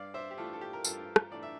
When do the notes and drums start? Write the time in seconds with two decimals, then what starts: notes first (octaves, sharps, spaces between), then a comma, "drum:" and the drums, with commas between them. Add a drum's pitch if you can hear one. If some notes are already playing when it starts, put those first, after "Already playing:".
Already playing: G2 D5 F5
0.14 C5 E5
0.31 G4
0.37 E3 A3 D4 F4 A4
0.53 A4
0.61 G4
0.73 A#4
0.85 G2 F4 A4, drum: tambourine
1.16 drum: rim click
1.31 E3 A3 D4 D5
1.43 E5